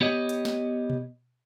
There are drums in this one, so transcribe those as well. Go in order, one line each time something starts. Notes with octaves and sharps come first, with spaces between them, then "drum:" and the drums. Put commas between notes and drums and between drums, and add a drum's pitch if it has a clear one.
B3 G4 C#5 D#5
drum: hi-hat
drum: snare
drum: tom B2